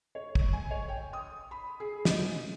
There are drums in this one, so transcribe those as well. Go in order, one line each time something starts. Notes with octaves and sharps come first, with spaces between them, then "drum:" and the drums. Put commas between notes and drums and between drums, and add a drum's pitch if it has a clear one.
C#5
drum: kick
G#5
C#5
G5
D#6
B5
G#4
D#5, drum: snare